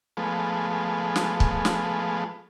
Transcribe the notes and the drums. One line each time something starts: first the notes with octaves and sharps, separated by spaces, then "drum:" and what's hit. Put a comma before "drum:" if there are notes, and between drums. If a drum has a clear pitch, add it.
F3 G#3 A3 B3
drum: snare
drum: kick
drum: snare